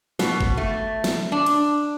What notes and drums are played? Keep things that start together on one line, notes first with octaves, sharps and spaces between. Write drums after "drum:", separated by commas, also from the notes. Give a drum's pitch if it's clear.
B2, drum: snare
drum: kick G1
A3
drum: snare
D4
drum: cymbal